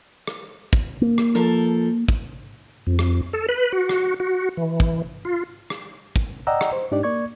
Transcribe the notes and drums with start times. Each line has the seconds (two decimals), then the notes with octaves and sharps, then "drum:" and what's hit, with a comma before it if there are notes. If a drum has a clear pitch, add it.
0.27 drum: rim click
0.73 drum: kick
1.02 A#3
1.18 drum: rim click
1.35 F3 A4 A#4
2.08 drum: kick
2.87 F2
2.99 drum: rim click
3.33 A4
3.49 B4
3.72 F#4
3.89 drum: rim click
4.20 F#4
4.57 E3
4.80 drum: kick
5.25 F4
5.70 drum: rim click
6.16 drum: kick
6.47 D5 D#5 F#5 G5 A#5 E6
6.61 drum: rim click
6.72 C5
6.91 G#2 D4 D#4 G4 D5
7.03 A#3 D5 C#6 G#6